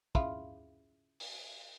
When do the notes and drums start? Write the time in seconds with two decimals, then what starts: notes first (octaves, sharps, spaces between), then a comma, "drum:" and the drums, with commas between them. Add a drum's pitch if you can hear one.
0.15 C#3 E4 F4, drum: kick
1.20 drum: open hi-hat